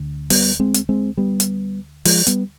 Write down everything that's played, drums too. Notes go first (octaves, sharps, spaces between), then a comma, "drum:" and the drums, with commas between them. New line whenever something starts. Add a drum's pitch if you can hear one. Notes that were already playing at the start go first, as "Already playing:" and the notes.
Already playing: D2 D3
G3 B3, drum: open hi-hat
G#3 C4
drum: hi-hat
G#3 C4
G3 B3
drum: hi-hat
F3 G#3, drum: open hi-hat
G3 B3, drum: hi-hat